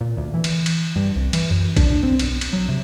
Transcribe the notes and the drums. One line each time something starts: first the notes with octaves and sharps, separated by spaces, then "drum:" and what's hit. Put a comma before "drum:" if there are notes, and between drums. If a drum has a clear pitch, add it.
A#2
D2
E3
drum: cymbal
drum: cymbal
G2
C2
E3, drum: cymbal
F#2
D4, drum: kick, cymbal
C4
B1, drum: cymbal
drum: cymbal
F#3
C3